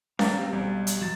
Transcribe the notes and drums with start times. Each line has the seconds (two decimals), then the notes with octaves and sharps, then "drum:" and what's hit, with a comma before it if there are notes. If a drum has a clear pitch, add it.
0.19 F5 A#5 A6, drum: snare C#4
0.37 G3 C4 G4
0.53 B1 G3 D5
0.87 drum: hi-hat
1.01 F#2 F#3 A6 E7